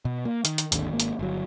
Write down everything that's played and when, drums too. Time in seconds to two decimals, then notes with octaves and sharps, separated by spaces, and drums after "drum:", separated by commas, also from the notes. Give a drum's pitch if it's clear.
0.05 B2
0.25 A#3
0.45 D#3, drum: hi-hat
0.58 drum: hi-hat
0.72 G#1 D#2 B2 D3, drum: hi-hat
0.90 G#1 A#3
1.00 drum: hi-hat
1.19 G1 F#3